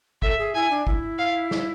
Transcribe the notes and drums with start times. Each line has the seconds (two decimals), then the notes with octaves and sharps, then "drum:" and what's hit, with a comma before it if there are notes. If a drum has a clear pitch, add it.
0.22 A4 E5, drum: kick
0.38 G#4
0.54 E4 G#5
0.70 D4
0.87 E4, drum: kick
1.18 F5
1.51 drum: snare